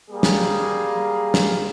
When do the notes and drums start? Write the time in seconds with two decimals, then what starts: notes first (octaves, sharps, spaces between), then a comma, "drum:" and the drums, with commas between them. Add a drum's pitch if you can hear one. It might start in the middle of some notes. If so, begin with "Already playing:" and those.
0.10 G3 A#3 G#4
0.23 drum: snare
1.34 drum: snare